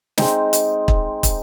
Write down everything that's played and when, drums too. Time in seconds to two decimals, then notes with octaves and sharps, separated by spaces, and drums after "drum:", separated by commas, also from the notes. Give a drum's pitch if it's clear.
0.18 G#3 C4 D#4, drum: snare
0.53 drum: hi-hat
0.88 drum: kick
1.23 drum: kick, hi-hat